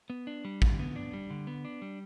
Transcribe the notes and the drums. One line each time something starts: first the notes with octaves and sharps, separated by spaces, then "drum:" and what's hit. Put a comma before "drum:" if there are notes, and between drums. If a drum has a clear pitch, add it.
B3
D4
G3
D3, drum: kick A1
B3
D4
G3
D3
B3
D4
G3